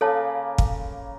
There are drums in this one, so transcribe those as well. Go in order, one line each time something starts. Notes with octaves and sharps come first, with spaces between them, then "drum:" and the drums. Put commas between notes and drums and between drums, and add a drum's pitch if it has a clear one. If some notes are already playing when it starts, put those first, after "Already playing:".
C#3 A#3 A4 C#5 A5 B5
drum: kick